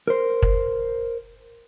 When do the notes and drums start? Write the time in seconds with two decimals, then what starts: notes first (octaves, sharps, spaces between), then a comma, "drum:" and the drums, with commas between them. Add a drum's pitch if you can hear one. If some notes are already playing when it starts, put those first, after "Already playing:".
0.08 A#4 C5
0.42 drum: kick